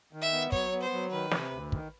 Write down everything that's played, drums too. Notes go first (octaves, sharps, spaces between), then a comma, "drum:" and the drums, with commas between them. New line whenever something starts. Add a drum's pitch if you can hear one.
D#3
E5
B3
F#3 C#5, drum: kick
B3
C5
F#3
D#3 B4
C3, drum: snare
D2
D#3, drum: kick